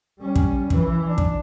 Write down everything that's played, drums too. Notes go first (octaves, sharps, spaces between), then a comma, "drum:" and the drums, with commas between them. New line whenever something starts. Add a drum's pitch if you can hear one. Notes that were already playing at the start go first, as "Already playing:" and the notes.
G3 C#4
drum: kick
E3, drum: kick
D4
drum: kick